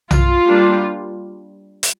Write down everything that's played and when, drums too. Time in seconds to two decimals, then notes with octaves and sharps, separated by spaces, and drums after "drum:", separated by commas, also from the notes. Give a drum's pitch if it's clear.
0.11 F4, drum: tom B1
0.45 G3 A#3 D4
1.83 drum: hi-hat